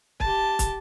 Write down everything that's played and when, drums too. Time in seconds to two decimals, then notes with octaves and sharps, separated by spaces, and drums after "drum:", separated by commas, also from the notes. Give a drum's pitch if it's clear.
0.20 G4 A5, drum: kick
0.59 drum: kick, hi-hat